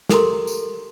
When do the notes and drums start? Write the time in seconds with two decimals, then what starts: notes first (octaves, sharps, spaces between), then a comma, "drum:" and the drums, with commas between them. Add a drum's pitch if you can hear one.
0.09 G4 A4 A#4 A#5 C6, drum: snare
0.47 drum: tambourine